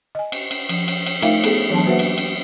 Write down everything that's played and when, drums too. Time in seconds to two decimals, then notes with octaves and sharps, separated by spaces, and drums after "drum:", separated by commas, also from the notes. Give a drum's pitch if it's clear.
0.15 D#5 G#5
0.32 drum: cymbal
0.51 drum: cymbal
0.69 F3, drum: cymbal
0.88 drum: cymbal
1.06 drum: cymbal
1.22 A3 D#4 F4 A#4 E5 F5, drum: cymbal
1.44 B3 G#4 A4, drum: cymbal
1.70 E3 F#3 B3 D4 A5
1.86 A#3 F#4 B4 C5 E5 F#5
1.99 drum: cymbal
2.18 drum: cymbal